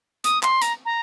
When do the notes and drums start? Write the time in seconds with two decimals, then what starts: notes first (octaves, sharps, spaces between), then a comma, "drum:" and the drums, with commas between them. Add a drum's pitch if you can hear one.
0.24 D#6, drum: hi-hat
0.43 C6, drum: clap
0.62 A#5, drum: hi-hat
0.85 A#5